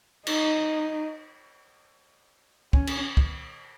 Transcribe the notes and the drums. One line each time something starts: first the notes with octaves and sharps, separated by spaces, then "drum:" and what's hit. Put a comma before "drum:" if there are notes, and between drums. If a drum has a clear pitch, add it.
D#4, drum: cymbal
C#4, drum: kick
drum: cymbal
drum: kick